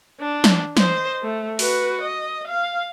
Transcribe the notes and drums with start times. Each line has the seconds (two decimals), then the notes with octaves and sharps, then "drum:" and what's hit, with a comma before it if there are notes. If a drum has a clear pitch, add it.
0.20 D4
0.44 drum: snare
0.77 C5 D#5, drum: snare
1.23 A3
1.59 F#4 B4, drum: open hi-hat
2.01 D#5
2.48 F5